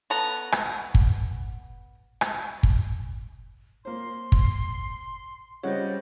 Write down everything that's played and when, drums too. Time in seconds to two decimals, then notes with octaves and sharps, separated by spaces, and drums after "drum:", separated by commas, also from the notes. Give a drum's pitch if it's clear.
0.10 B3 A4 A#5
0.52 drum: rim click
0.95 drum: kick
2.21 drum: rim click
2.63 drum: kick
3.85 A#3 C5 C6
4.32 drum: kick
5.63 C#3 G3 C5 C#5 D#5 F#5